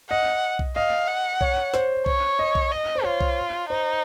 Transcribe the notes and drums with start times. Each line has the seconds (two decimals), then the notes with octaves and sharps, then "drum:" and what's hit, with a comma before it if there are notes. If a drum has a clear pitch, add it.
0.10 D#5 F#5
0.59 drum: kick B1
0.76 D#5 F5
1.08 F#5
1.41 C#5, drum: kick B1
1.74 C5, drum: snare
2.06 C#5, drum: kick B1
2.39 D#5
2.55 drum: kick B1
2.72 D#5
2.95 C5
3.04 F4 C#5
3.21 drum: kick B1
3.69 D#4 C5